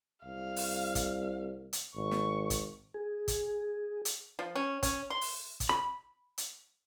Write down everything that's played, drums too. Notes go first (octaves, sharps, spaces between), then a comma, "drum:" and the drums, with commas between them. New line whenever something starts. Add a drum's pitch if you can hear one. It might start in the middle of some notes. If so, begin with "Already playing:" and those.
C2 F5
drum: open hi-hat
drum: kick, hi-hat
drum: hi-hat
G#1 C#6
drum: snare
drum: kick, hi-hat
G#4
drum: kick, hi-hat
drum: hi-hat
F3
C#4
C#4, drum: kick, hi-hat
C6
drum: open hi-hat
drum: kick, hi-hat
B5
drum: hi-hat